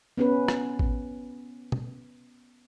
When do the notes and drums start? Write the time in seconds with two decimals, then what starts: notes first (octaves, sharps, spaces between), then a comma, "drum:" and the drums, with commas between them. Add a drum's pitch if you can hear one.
0.18 B3 C#4 B4
0.48 drum: rim click
0.79 drum: kick G#1
1.72 drum: tom